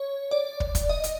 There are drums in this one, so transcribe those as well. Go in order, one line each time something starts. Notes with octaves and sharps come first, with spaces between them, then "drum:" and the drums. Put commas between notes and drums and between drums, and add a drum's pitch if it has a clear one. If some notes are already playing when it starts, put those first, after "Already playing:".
Already playing: C#5
D5
drum: kick
drum: kick, hi-hat
D#5
drum: hi-hat